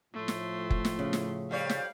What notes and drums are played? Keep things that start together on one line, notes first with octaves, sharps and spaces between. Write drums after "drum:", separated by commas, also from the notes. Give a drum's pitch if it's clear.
A2 F3 A3 C6
drum: snare
drum: kick
drum: snare
C#3
drum: snare
F2 G3 C#5 F5
drum: snare